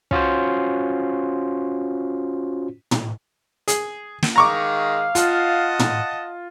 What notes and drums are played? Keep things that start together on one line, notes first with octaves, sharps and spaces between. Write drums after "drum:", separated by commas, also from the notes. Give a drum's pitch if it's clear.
C#4 F4 F#4 C5, drum: kick
drum: tom
G#4, drum: hi-hat
drum: snare
D#3 G#3 F5 A#5 C#6 D6
F4 D#5 F#5 A5, drum: hi-hat
drum: tom